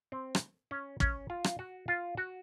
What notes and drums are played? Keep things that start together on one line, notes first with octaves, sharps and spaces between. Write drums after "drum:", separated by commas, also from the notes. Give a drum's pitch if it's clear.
C4
drum: rim click
C#4
C#4, drum: kick
F4
drum: rim click
F#4
F4
F#4